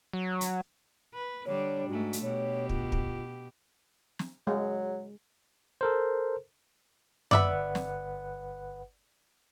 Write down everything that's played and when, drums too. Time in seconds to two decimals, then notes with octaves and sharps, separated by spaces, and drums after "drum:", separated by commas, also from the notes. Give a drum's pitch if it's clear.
0.13 F#3
0.41 drum: hi-hat
1.13 B4
1.46 D3 G3 D4 C#5
1.88 G#2 A3 F#4
2.13 drum: hi-hat
2.22 B2 G4 C#5
2.69 F4, drum: kick
2.92 drum: kick
4.19 drum: snare
4.47 F#3 G#3
5.81 A4 A#4 C5
7.31 G1 B4 D5 E5 F#5 B5, drum: tom F#2
7.75 drum: snare